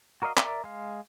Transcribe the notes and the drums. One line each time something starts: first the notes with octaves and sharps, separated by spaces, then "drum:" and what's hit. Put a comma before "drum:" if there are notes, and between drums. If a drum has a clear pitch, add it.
F#4 A#4 D5 D#5 F5
A#4 D5 E5 D6, drum: clap
G#3 F5